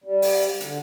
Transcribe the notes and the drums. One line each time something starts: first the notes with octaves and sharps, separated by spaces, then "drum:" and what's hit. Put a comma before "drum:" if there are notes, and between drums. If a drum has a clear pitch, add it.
G3
drum: open hi-hat
D3, drum: hi-hat